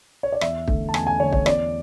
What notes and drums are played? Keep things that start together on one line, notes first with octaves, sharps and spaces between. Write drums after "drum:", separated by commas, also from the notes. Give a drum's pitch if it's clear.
C#5
D5
E2 E5, drum: rim click
D3 A3, drum: kick
A5
E2 G#5, drum: rim click
G#5
D3 A3 C#5
C#5, drum: kick
E2 D5, drum: rim click